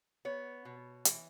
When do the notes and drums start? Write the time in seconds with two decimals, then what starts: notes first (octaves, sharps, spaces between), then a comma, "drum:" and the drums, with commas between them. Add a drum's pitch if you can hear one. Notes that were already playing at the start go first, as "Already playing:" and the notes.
0.25 B3 C#5
0.65 B2
1.05 E3, drum: hi-hat